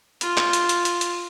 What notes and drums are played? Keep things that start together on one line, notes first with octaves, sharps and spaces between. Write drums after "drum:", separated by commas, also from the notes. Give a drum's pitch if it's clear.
F4, drum: hi-hat
drum: clap
drum: hi-hat
drum: hi-hat
drum: hi-hat
drum: hi-hat